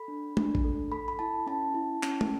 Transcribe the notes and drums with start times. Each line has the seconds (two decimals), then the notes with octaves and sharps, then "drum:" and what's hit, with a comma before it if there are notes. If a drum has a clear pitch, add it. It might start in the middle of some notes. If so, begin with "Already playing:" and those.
Already playing: A4 B5
0.08 D4
0.37 D4, drum: tom
0.55 drum: kick
0.64 A4
0.92 A4 B5
1.08 B5
1.19 E4 A5
1.47 C#4 A5
1.74 E4
2.03 C#4, drum: clap
2.21 drum: tom